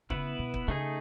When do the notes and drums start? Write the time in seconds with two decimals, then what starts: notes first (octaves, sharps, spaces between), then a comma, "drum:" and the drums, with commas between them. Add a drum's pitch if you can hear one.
0.10 C#3 B3 E4 B4, drum: kick
0.39 B2
0.54 drum: kick
0.68 C#3 A3 D#4 G#4